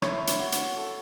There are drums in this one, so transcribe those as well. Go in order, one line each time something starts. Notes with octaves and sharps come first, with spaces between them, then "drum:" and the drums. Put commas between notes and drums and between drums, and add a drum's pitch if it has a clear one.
E4 C#5, drum: rim click
drum: hi-hat
F#4
drum: hi-hat
A4